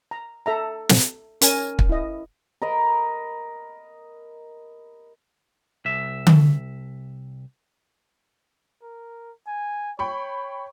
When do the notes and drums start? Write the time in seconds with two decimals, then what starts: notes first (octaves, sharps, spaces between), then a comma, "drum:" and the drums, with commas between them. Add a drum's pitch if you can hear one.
0.11 A#5
0.46 A4 E5 A#5
0.89 drum: snare
1.41 C#4 A#4 G#5, drum: hi-hat
1.79 drum: kick
1.89 E4 D#5
2.62 A#4 D#5 B5
5.85 C2 E5
6.27 drum: tom D3
8.82 A#4
9.47 G#5
9.99 C#5 G5 B5 C#6